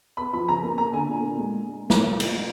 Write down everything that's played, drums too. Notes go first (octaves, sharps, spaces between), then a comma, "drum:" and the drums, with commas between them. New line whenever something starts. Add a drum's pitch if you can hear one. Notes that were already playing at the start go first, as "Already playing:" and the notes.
B3 B5
F3 B5
C#3 A#5
A#3
A#3 A#5
D3 G#5
A#2
A#2
G#3
drum: snare
drum: cymbal